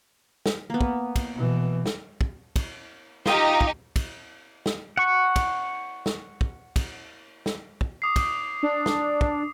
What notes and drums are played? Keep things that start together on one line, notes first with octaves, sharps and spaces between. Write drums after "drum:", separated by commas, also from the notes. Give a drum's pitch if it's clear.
drum: snare
A#3 B3
drum: kick
drum: kick, cymbal
B2 E3
drum: snare
drum: kick
drum: kick, cymbal
D#4 F4 G4 D#5 G5, drum: snare
drum: kick
drum: kick, cymbal
drum: snare
F#5 C#6
drum: kick, cymbal
drum: snare
drum: kick
drum: kick, cymbal
drum: snare
drum: kick
D6 D#6 C7
drum: kick, cymbal
D4
drum: snare
drum: kick